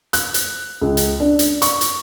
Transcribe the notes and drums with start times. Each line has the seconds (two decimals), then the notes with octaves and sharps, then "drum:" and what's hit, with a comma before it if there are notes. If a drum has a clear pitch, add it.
0.13 F#6, drum: hi-hat
0.34 drum: hi-hat
0.81 C#2
0.97 drum: hi-hat
1.20 D4
1.39 drum: hi-hat
1.62 C#6, drum: hi-hat
1.81 drum: hi-hat